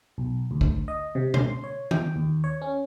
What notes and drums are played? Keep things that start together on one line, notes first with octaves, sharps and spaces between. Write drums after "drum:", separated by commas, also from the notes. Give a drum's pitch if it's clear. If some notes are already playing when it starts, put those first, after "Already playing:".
B1
D2
drum: kick
D#5
C3
C6, drum: tom B2
C#5
G5, drum: tom
D#2
C#5
C#4